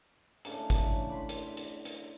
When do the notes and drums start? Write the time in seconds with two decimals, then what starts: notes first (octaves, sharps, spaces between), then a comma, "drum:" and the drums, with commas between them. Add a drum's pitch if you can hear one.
0.45 A2 C#3 D4 A#5, drum: hi-hat
0.70 E5, drum: kick G#1, hi-hat
1.09 D5 B5 C6
1.29 drum: hi-hat
1.57 drum: hi-hat
1.85 drum: hi-hat